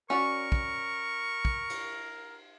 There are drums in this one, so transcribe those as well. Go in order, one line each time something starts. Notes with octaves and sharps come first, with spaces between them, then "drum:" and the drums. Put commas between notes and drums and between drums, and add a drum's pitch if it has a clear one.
C#4 F#4 A#4 D5 C#6
drum: kick
drum: kick
drum: cymbal